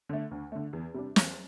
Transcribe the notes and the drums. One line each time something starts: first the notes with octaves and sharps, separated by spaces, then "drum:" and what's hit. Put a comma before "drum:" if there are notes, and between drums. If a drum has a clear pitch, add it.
D3 A3
D2
D3 A3
E2
C3 G3 D4
E2, drum: snare